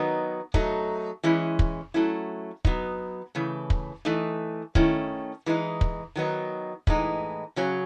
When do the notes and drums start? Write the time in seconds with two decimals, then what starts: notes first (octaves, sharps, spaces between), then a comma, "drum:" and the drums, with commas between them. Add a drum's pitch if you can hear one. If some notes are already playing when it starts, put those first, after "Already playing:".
Already playing: D#3 F#3 B3 D#4
0.54 F#3 A3 D#4, drum: kick
1.24 E3 G#3 C#4 E4
1.59 drum: kick
1.94 F#3 A3 C#4 E4
2.65 F#3 B3 D#4, drum: kick
3.35 C#3 E3 A3
3.70 drum: kick
4.05 E3 A3 D#4
4.75 D#3 A3 C#4 E4, drum: kick
5.46 E3 G#3 D#4
5.81 drum: kick
6.16 D#3 F#3 B3 D#4
6.87 A2 E3 G#3 D#4, drum: kick
7.56 C#3 F#3 C#4